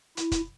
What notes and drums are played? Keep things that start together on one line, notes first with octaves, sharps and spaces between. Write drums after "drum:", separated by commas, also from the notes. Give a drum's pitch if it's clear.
E4, drum: hi-hat
drum: kick, hi-hat